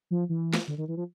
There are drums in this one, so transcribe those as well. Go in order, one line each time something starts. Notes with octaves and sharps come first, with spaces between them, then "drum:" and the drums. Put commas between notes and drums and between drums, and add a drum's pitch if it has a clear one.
F3
E3
drum: snare
D3
D#3
E3
F3